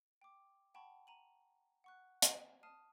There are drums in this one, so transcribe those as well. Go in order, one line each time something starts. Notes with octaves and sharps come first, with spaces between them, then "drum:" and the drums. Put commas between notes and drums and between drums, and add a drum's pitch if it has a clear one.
G5 D6
F#5 G5 A5 B5 C#6
A#5 D#7 F#7
F#5 C#6 F#6
drum: hi-hat
A5 D#6 F6 C7 D#7